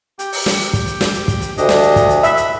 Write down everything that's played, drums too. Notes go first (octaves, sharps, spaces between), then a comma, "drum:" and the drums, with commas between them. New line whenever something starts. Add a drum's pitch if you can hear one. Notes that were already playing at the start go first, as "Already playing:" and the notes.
G4 G5, drum: hi-hat
drum: open hi-hat
drum: snare
drum: kick, hi-hat
drum: hi-hat
drum: snare
drum: hi-hat
drum: kick, hi-hat
drum: hi-hat
D2 D4 G4 D#5, drum: hi-hat
drum: snare
drum: hi-hat
drum: kick, hi-hat
drum: hi-hat
E5 B5, drum: hi-hat
drum: hi-hat